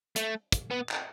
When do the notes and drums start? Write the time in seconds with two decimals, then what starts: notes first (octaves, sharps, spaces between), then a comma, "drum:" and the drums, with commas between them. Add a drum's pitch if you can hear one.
0.16 A3, drum: hi-hat
0.52 drum: kick, hi-hat
0.71 B3
0.89 drum: clap